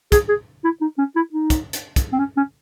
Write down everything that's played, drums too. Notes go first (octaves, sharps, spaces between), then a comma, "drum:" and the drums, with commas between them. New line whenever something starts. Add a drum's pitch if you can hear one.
G#4, drum: kick, hi-hat
G#4
E4
D#4
C#4
E4
D#4
drum: kick, hi-hat
drum: hi-hat
drum: kick, hi-hat
C4
C#4
C#4